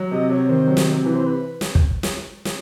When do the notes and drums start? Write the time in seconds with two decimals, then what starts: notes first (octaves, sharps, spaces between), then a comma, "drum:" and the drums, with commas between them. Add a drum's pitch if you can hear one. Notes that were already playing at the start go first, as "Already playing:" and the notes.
Already playing: F#3
0.11 C3 D#5
0.30 C3 C#5
0.48 D#3 C5
0.67 F#3
0.77 drum: snare
0.86 C3
1.05 E3 B4
1.15 C5
1.26 B4
1.61 drum: snare
1.75 drum: kick
2.03 drum: snare
2.45 drum: snare